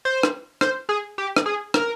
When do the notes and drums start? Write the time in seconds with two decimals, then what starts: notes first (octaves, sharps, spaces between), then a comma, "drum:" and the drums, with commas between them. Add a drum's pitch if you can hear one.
0.05 C5
0.23 drum: rim click
0.61 C5, drum: rim click
0.89 G#4
1.18 G4
1.36 drum: rim click
1.46 G#4
1.74 A#4, drum: rim click